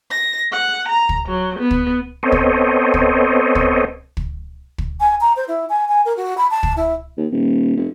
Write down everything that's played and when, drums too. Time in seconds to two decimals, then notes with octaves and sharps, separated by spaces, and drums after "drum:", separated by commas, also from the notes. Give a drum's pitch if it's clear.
0.11 A#6
0.51 F#5
0.87 A#5
1.09 drum: kick
1.27 F#3
1.59 B3
1.71 drum: kick
2.23 B3 C4 A4 C5 C#5 D#5
2.32 drum: kick
2.94 drum: kick
3.55 drum: kick
4.17 drum: kick
4.78 drum: kick
5.00 G#5
5.21 A#5
5.36 C5
5.48 E4
5.69 G#5
5.89 G#5
6.05 A#4
6.17 F#4
6.38 B5
6.51 A5
6.63 drum: kick
6.77 E4
7.17 D#2
7.32 D#1
7.77 F1